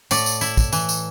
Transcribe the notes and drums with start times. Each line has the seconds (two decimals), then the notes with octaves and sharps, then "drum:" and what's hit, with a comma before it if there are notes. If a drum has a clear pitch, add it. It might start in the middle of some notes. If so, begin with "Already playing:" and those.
0.11 A2 D5, drum: tambourine
0.26 drum: tambourine
0.41 E4, drum: tambourine
0.57 drum: kick, tambourine
0.72 E3, drum: tambourine
0.89 drum: tambourine